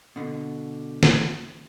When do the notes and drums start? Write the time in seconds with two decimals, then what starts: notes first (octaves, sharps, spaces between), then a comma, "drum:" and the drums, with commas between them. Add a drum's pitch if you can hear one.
0.16 B2 D3
1.03 drum: snare